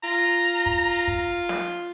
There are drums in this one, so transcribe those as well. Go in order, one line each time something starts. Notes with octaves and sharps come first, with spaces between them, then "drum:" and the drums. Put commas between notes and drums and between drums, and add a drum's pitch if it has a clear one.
F4 A#5
drum: kick
drum: kick
drum: snare